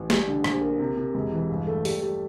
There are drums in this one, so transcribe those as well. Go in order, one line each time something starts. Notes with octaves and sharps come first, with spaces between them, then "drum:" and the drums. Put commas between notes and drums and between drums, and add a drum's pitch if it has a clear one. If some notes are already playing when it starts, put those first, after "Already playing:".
Already playing: A1
G3, drum: snare
D3
A#1, drum: rim click
A#3
C3
C3
E1
E3
G1
A3
G3, drum: open hi-hat
G3